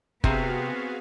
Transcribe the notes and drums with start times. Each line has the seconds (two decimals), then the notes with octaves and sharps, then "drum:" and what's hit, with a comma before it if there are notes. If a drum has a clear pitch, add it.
0.24 C3 B3 C4 F#4 G#4 F5, drum: kick